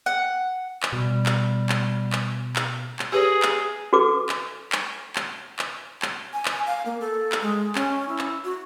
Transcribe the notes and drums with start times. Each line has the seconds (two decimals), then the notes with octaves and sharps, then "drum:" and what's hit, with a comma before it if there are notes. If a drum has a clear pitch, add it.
0.06 F#5
0.83 drum: clap
0.93 B2 G3
1.26 drum: clap
1.69 drum: clap
2.13 drum: clap
2.56 drum: clap
2.99 drum: clap
3.12 G4 G#4 B4 C#5 G#5
3.42 drum: clap
3.93 F#4 A4 B4 D6
4.29 drum: clap
4.72 drum: clap
5.16 drum: clap
5.59 drum: clap
6.02 drum: clap
6.33 G#5
6.45 drum: clap
6.66 F5
6.86 A#3
7.01 A4
7.32 drum: clap
7.41 G#3
7.75 C#4, drum: clap
8.09 E4
8.19 drum: clap
8.45 F#4